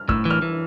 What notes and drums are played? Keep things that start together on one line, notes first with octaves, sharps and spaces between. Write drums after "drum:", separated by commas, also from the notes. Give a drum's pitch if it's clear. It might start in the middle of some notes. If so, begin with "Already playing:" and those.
Already playing: F6
A2 E6, drum: kick
E3
F6
E3